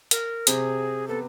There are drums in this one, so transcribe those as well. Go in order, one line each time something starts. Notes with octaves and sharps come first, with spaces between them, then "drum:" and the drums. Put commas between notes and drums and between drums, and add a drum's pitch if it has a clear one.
A#4, drum: hi-hat
C3 C4 G#4, drum: hi-hat
B3 A4